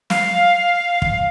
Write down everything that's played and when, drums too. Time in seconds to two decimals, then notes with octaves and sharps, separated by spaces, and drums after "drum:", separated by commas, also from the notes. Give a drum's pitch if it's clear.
0.10 F5, drum: snare
1.02 drum: kick